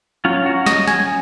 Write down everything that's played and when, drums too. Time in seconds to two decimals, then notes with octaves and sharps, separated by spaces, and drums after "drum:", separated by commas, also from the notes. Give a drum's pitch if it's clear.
0.25 F#3 C#4 F4
0.46 F#4
0.66 D#5, drum: snare
0.88 G#5, drum: snare